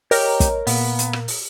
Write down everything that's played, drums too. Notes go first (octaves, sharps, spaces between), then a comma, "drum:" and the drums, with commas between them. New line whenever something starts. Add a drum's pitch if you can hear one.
G4 A#4 C#5 D#5, drum: open hi-hat
drum: kick, hi-hat
A#2 B3 F5, drum: open hi-hat
drum: hi-hat
drum: rim click
drum: open hi-hat